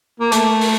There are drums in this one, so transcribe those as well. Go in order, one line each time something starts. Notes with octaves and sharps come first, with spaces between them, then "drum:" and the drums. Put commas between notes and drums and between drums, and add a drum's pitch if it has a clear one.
A#3
A3, drum: hi-hat
drum: open hi-hat